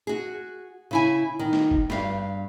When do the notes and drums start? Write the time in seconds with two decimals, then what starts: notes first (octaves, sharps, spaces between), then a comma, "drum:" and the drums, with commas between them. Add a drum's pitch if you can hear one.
0.07 F#4 G#4
0.91 C#3 E4 G#5
1.39 D#3
1.53 drum: snare
1.71 drum: kick F#1
1.90 G2 F5, drum: snare